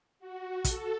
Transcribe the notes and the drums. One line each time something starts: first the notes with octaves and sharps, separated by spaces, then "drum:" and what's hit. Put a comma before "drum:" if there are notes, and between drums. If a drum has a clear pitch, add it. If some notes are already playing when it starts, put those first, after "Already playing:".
F#4
A4, drum: kick, hi-hat